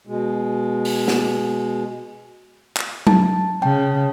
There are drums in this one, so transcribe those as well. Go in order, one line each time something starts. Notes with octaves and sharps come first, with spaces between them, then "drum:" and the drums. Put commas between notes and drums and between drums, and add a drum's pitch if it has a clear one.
B2 G#3
drum: open hi-hat
drum: snare
drum: clap
A5, drum: tom F#3
C#3 G5 A5